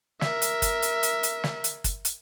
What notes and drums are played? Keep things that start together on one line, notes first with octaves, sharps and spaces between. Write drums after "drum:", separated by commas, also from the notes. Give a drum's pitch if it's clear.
A#4 E5, drum: snare
drum: hi-hat
drum: kick, hi-hat
drum: hi-hat
drum: hi-hat
drum: hi-hat
drum: snare
drum: hi-hat
drum: kick, hi-hat
drum: hi-hat